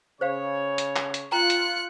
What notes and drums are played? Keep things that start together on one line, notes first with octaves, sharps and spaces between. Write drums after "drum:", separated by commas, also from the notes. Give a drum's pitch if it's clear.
C#3 C5 C#5 F5
drum: hi-hat
drum: clap
drum: hi-hat
F4 G5 A#5 F#6 C#7
drum: hi-hat